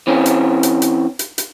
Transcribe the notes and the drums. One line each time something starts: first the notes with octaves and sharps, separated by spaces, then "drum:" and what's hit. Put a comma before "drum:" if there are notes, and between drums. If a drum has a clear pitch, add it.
E3 C4 C#4
drum: hi-hat
drum: hi-hat
drum: hi-hat
drum: hi-hat
drum: hi-hat